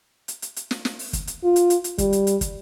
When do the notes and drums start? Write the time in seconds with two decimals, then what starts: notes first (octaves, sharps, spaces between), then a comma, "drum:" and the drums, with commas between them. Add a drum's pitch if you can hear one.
0.28 drum: hi-hat
0.42 drum: hi-hat
0.56 drum: hi-hat
0.71 drum: snare
0.85 drum: snare
0.99 drum: open hi-hat
1.13 drum: kick, hi-hat
1.27 drum: hi-hat
1.44 F4
1.56 drum: hi-hat
1.70 drum: hi-hat
1.84 drum: hi-hat
1.98 G3, drum: kick, hi-hat
2.13 drum: hi-hat
2.27 drum: hi-hat
2.41 drum: kick, hi-hat